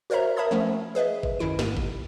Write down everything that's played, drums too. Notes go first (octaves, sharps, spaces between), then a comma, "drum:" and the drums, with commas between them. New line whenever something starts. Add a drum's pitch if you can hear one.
F#4 A#4 C5 C#5 E5 A#5
A#4 E5 A5 B5 D#6 G#6
F3 A3 B3 C#4
G#4 B4 D#5 E5
drum: kick G#1
F#2 D#3 E4 D7
G#2 G4 D#7, drum: snare
drum: kick G#1